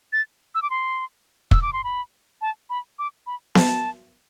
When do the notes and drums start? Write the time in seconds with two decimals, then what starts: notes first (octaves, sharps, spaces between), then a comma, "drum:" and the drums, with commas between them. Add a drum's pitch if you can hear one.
0.13 A6
0.55 E6
0.62 D6
0.70 C6
1.51 E6, drum: kick
1.62 D6
1.73 C6
1.84 B5
2.41 A5
2.70 B5
2.99 D6
3.27 B5
3.55 A5, drum: snare B3